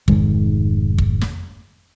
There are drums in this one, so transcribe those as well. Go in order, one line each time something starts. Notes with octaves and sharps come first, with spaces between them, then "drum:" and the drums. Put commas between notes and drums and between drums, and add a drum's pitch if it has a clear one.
F1 G#2 D#3 G#3, drum: kick
drum: kick
drum: snare